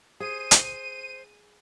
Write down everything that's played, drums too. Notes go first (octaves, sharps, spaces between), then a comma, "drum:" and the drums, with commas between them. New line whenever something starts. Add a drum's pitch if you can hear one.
G#4 C5 D#7
drum: hi-hat